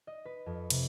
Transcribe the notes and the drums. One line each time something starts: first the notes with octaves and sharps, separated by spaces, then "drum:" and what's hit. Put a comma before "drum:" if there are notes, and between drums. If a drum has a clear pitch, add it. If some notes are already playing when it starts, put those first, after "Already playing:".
D#5
B4
F2
C3, drum: cymbal